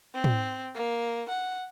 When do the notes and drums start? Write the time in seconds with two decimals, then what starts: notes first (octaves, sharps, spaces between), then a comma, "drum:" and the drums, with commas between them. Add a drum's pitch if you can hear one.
0.14 C4
0.24 drum: tom
0.75 A#3
1.29 F#5